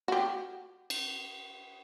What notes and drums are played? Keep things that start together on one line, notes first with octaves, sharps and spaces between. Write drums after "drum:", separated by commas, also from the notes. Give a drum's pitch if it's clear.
F#4 G4
drum: cymbal